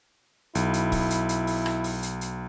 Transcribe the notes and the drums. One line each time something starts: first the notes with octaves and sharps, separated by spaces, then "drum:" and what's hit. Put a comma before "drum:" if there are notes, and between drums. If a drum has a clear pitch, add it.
B1 E4, drum: hi-hat
drum: hi-hat
drum: kick, open hi-hat
drum: hi-hat
drum: hi-hat
drum: open hi-hat
drum: rim click
drum: open hi-hat
drum: hi-hat
drum: hi-hat